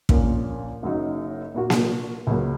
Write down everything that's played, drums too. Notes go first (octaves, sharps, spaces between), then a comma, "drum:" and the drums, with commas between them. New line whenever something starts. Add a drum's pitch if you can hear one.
A#1 A#2 A#3 C#4, drum: kick
F#1 F#2 F#3 D#4
A#2 A#3 F#4
drum: snare A#3
C#2 C#3 F#3 A#3